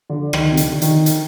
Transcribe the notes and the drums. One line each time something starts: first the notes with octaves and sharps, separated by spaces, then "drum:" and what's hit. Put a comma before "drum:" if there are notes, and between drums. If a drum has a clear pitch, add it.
D3
D#3, drum: rim click
C3
D3, drum: hi-hat
D#3, drum: hi-hat
drum: hi-hat